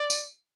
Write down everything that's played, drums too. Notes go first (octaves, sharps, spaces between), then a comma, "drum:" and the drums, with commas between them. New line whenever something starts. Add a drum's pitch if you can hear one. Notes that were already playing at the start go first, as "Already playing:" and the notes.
Already playing: D5
drum: tambourine